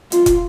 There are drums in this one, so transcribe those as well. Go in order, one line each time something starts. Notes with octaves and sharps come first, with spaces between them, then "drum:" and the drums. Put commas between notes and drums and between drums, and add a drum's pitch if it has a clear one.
F4, drum: hi-hat
drum: kick, hi-hat